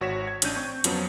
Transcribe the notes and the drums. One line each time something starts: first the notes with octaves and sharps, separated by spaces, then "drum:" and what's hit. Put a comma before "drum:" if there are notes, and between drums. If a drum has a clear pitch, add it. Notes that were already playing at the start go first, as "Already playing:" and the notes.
G#1 F#4 C#5 B6 E7
G#6
A1 C#4 D4 G6 D#7, drum: hi-hat
C4 C#6
F2 F3 F#3 B3 C#4, drum: hi-hat